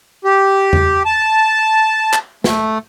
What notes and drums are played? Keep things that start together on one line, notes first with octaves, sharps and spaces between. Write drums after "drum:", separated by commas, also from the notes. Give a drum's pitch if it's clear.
G4
drum: tom E2
A5
drum: clap
A3, drum: snare